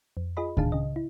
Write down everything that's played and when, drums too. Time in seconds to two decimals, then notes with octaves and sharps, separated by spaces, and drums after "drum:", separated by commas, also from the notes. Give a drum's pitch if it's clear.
0.17 F2
0.37 F4 G#4 D#5 B5
0.57 A2 D#3 D4 G#4 F5 A5, drum: kick C#2
0.72 C#3 D#5
0.96 E4